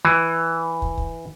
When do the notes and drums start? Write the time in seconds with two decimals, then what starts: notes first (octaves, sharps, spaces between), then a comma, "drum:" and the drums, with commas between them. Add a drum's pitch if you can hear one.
0.05 E3
0.82 drum: kick
0.98 drum: kick